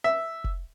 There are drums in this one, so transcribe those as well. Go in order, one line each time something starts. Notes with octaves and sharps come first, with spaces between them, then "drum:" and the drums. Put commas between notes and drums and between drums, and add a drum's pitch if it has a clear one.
E5
drum: kick F1